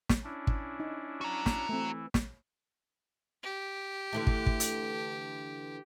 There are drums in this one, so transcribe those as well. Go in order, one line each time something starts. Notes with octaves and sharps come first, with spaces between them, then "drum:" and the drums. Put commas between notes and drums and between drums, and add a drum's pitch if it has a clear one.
drum: snare
C#4 D4 E4
drum: kick
D#4
F#4 A#5
drum: snare
E3 A3 C4 E4
drum: snare
G4
D3 E3 A3
drum: kick
drum: kick
drum: hi-hat